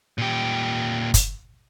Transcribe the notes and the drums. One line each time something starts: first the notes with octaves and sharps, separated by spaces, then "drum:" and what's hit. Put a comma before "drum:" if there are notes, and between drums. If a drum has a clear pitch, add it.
A#2 G4
drum: kick F#1, hi-hat